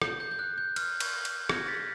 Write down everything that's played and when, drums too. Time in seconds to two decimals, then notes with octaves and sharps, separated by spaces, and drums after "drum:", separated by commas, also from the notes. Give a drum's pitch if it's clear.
0.02 G6, drum: rim click
0.20 G6
0.31 G6
0.39 F#6
0.58 G6
0.76 F6, drum: cymbal
1.00 drum: cymbal
1.25 drum: cymbal
1.49 G#6 A#6, drum: rim click
1.68 A6 B6